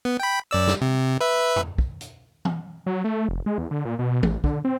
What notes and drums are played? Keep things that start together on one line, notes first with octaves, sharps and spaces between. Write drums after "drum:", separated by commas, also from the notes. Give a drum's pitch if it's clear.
B3
G5 B5
F#2 D5 E6
drum: snare
C3
B4 E5
drum: tom E2
drum: kick
drum: hi-hat
drum: tom E3
F#3
A3
F1
G#3
E2
D3
A#2
B2
B2
A1, drum: tom E3
D3, drum: kick
C4